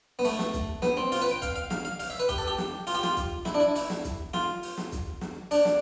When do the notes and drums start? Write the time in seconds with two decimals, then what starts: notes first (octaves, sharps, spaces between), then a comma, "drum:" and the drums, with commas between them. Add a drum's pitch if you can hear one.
0.19 B3
0.25 A3, drum: open hi-hat
0.39 drum: snare
0.54 drum: kick, hi-hat
0.82 B3, drum: snare
0.97 C4
1.12 F4, drum: open hi-hat
1.22 B4
1.31 G5
1.42 F5, drum: kick, hi-hat
1.56 F5
1.70 F5, drum: snare
1.85 F5
2.00 F5, drum: open hi-hat
2.10 E5
2.19 B4
2.29 G4, drum: kick, hi-hat
2.38 A4
2.48 G4
2.58 drum: snare
2.87 F4, drum: open hi-hat
2.95 G4
3.03 F4, drum: snare
3.17 drum: kick, hi-hat
3.45 E4, drum: snare
3.54 D4
3.60 E4
3.76 E4, drum: open hi-hat
3.90 drum: snare
4.04 drum: kick, hi-hat
4.34 F4, drum: snare
4.63 drum: open hi-hat
4.77 drum: snare
4.92 drum: kick, hi-hat
5.21 drum: snare
5.51 D4, drum: open hi-hat
5.65 drum: snare